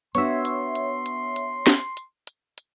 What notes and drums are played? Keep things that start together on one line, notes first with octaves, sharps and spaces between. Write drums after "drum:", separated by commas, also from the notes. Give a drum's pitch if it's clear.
B3 D4 F#4 C#5 E5 C6, drum: hi-hat
drum: hi-hat
drum: hi-hat
drum: hi-hat
drum: hi-hat
drum: snare
drum: hi-hat
drum: hi-hat
drum: hi-hat